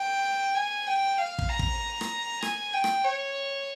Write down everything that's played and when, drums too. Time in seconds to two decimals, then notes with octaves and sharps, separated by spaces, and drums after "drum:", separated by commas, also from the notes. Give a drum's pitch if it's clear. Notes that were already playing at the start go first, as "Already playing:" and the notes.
Already playing: G5
0.55 G#5
0.87 G5
1.18 F5
1.39 drum: kick
1.49 A#5
1.59 drum: kick
2.01 drum: rim click
2.42 G#5, drum: rim click
2.73 G5
2.84 drum: rim click
3.05 C#5